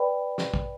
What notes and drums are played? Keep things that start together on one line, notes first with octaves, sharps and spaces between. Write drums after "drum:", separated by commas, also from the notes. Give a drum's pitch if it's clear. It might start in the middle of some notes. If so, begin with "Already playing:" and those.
Already playing: B4 D5 G5 B5
drum: snare
drum: kick